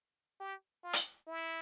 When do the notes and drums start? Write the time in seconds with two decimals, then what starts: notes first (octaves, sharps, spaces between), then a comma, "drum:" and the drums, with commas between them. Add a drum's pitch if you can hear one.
0.40 G4
0.84 F4
0.93 drum: hi-hat
1.27 E4